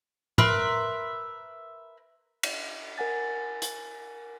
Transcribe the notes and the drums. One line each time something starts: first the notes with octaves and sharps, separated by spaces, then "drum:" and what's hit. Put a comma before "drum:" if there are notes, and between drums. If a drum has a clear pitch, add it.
A#4 B4 E5 C6, drum: tom A2
drum: cymbal
A#4 F#5 G#5 A6
drum: hi-hat